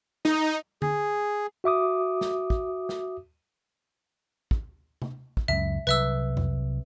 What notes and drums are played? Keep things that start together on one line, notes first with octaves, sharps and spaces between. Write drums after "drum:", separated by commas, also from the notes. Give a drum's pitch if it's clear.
D#4, drum: snare
G#4, drum: tom D3
F#4 E5 D6 D#6
drum: snare
drum: kick
drum: snare
drum: kick
drum: tom C3
drum: kick
C#2 F#2 E5
C2 F#3 B4 E5 E6, drum: tambourine
drum: tom F2